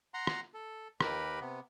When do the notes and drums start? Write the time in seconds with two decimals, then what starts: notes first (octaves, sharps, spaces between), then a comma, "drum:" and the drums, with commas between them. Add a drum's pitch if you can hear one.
0.14 F#5 A#5 C6
0.27 drum: rim click
0.54 A4
1.01 D#2 G4 A#4 B4 B5, drum: rim click
1.40 C3 B3